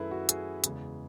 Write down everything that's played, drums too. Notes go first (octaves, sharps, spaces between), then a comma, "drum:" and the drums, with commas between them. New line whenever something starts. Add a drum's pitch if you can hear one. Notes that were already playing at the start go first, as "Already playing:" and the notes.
Already playing: F#2 D#3 A3 E4 G#4 A4 B4
F#4
G#4, drum: hi-hat
E2 C#3 G#3, drum: hi-hat